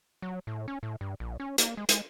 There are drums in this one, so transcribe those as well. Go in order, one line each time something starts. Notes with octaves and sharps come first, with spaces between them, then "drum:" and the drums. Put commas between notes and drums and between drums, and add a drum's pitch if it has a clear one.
F#3
A2
C#4
A2
G2
A#1
C#4
A#3, drum: hi-hat
G#3
G#3, drum: hi-hat